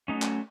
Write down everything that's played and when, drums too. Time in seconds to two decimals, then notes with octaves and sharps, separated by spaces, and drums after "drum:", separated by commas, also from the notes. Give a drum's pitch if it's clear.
0.08 F#3 A3 C#4 D#4
0.22 drum: clap